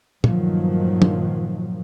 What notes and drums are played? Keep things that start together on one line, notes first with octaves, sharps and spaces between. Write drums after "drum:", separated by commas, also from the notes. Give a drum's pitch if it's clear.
G2 A#2 D#3 F3 F#3, drum: tom
drum: tom